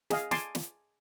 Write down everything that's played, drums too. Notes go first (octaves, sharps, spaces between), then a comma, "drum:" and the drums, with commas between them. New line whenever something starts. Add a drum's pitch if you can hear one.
G#4 D#5 F5, drum: snare
G#5 A5 C6 D6, drum: snare
drum: snare